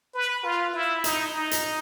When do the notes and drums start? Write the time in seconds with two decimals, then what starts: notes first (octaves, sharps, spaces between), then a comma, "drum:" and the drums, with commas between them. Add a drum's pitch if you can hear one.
0.14 B4
0.44 F4
0.74 E4
1.04 D#4, drum: hi-hat
1.33 D#4
1.51 drum: hi-hat